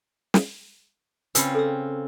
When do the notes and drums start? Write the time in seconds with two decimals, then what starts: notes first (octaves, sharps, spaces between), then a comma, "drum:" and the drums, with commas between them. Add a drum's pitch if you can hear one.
0.34 drum: snare
1.35 C#3 C4 F4 B4 G5 B5, drum: hi-hat
1.55 A4 E6